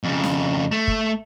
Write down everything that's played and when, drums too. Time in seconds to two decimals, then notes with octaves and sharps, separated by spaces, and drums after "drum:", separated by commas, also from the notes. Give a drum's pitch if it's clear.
0.04 F2 C#3
0.24 drum: snare
0.72 A3
0.87 drum: kick